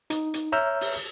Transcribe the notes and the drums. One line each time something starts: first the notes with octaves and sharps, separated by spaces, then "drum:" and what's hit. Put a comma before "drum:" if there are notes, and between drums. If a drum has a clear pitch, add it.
D#4, drum: hi-hat
drum: hi-hat
C#5 E5 A#5 E6 F6 G6
drum: open hi-hat